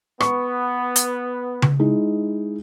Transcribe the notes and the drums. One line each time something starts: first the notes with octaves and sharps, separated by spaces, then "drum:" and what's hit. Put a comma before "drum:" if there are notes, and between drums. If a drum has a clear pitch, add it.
B3 C#6, drum: rim click
drum: hi-hat
drum: tom C#3
G#3 D#4 E4